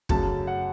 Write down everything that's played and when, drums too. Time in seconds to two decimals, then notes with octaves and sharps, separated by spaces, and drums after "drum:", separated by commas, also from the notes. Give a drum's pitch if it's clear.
0.09 F#2 C#3 F#3 A3 A5, drum: kick
0.47 F#5